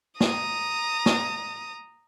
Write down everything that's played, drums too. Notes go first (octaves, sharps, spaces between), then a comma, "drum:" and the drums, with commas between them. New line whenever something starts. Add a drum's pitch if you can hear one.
A#5 D#6, drum: snare
drum: snare